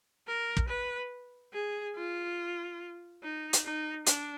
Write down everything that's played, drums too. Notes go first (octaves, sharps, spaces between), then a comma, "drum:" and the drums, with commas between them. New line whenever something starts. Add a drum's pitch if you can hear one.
A#4
drum: kick
B4
G#4
F4
D#4
drum: hi-hat
D#4
D4, drum: hi-hat